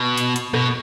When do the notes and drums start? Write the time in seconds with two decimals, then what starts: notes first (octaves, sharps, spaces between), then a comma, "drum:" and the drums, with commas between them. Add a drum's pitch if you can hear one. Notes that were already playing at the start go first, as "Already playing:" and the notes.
Already playing: B2
0.18 drum: hi-hat
0.36 drum: hi-hat
0.54 B2, drum: rim click